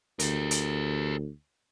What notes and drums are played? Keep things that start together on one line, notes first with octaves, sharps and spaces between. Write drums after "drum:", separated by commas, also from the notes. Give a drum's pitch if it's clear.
D2 G4 A#4, drum: hi-hat
drum: hi-hat